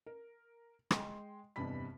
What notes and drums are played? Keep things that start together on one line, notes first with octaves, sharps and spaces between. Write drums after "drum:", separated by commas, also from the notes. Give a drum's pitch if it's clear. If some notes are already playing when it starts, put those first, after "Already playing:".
A#4
G#3 G5 C6, drum: rim click
F1 E2 G2 C3 B5 B6